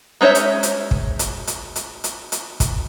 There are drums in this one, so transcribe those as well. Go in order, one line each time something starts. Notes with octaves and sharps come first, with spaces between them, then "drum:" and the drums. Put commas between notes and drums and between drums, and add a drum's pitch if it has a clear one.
G#3 C#4 C5 C#5 E5
drum: hi-hat
drum: hi-hat
drum: kick
drum: hi-hat
drum: hi-hat
drum: hi-hat
drum: hi-hat
drum: hi-hat
drum: kick, hi-hat